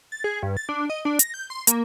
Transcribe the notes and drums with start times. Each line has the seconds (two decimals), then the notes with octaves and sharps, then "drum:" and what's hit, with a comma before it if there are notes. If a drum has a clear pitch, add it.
0.12 A6
0.24 G#4
0.43 G2
0.57 A6
0.69 D4
0.89 D#5
1.05 D4
1.19 A#6, drum: hi-hat
1.34 G6
1.50 C6
1.67 A#3, drum: hi-hat